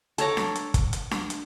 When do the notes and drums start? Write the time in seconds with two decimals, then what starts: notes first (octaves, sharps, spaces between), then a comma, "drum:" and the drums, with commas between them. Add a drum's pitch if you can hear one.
0.18 A4 C#5 A#5 D6, drum: hi-hat
0.37 drum: snare D4
0.56 drum: hi-hat
0.74 drum: kick, hi-hat
0.93 drum: hi-hat
1.11 drum: snare D4
1.30 drum: hi-hat